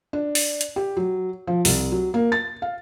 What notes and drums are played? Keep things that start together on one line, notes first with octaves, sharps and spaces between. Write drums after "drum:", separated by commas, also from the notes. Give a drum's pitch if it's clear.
D4
drum: open hi-hat
drum: hi-hat
G4
F#3
F3
C2, drum: open hi-hat
F#3
A#3
A6
F5